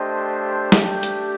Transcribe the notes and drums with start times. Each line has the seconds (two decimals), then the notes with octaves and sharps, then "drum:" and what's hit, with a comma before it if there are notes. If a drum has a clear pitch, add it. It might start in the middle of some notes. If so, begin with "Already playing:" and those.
Already playing: A3 D4 G4 C5 D#5
0.72 A3 D4 G4, drum: snare
1.03 drum: hi-hat